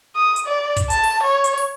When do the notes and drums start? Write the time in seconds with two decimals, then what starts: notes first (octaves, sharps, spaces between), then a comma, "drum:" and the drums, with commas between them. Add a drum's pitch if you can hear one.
0.16 D#6
0.36 drum: hi-hat
0.46 D5
0.76 drum: kick, hi-hat
0.90 A5, drum: hi-hat
1.03 drum: open hi-hat
1.23 C#5
1.44 drum: hi-hat
1.57 drum: open hi-hat